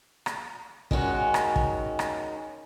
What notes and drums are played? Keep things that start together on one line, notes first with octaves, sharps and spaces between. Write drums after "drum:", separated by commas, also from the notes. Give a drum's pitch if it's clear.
drum: rim click
D#3 G#3 C#4 F#4, drum: kick
drum: rim click
drum: kick
drum: rim click